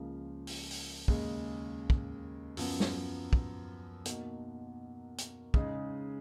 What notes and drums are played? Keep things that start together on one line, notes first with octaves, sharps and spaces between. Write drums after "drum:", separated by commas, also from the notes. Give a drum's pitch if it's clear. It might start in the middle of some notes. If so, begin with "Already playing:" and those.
Already playing: C#2 C#3 F3 A#3
drum: open hi-hat
drum: open hi-hat
D#2 C#3 G#3, drum: kick
drum: kick
F#2 F3 B3, drum: open hi-hat
drum: snare
drum: kick
B2 A#3 D#4 F#4, drum: hi-hat
drum: hi-hat
C#3 G#3 D#4, drum: kick